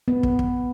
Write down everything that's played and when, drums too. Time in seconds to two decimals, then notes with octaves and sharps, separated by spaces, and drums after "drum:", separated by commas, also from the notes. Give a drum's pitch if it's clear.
0.08 B3
0.23 drum: kick
0.39 drum: kick